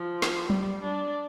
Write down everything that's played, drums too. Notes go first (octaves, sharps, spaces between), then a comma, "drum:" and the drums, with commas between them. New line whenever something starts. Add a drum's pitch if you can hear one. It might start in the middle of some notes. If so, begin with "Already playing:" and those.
Already playing: F3
drum: snare
G3, drum: tom F#3
D4